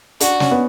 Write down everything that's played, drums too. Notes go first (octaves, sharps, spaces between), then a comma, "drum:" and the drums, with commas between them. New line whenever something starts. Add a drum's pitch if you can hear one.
D4 F#4, drum: hi-hat
C#4, drum: snare
B3